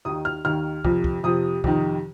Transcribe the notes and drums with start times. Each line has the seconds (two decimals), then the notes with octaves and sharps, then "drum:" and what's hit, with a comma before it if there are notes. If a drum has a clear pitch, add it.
0.05 D#2 D#3 D#6
0.25 F6
0.45 D#2 D#3 F6
0.85 F2 C3 F3, drum: kick
1.04 drum: kick
1.24 F2 C3 F3 D#6
1.64 F2 C3 D#3, drum: kick